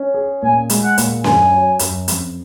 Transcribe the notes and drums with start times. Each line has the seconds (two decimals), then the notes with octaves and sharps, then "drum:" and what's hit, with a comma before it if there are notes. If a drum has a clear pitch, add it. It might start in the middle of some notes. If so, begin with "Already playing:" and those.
Already playing: C#4
0.14 G#4
0.42 A#2 G#5
0.70 G#3, drum: hi-hat
0.83 F#5
0.98 A#2, drum: hi-hat
1.24 F#2 G#5, drum: snare C#4
1.52 F#3
1.79 F#2, drum: hi-hat
2.08 F2, drum: hi-hat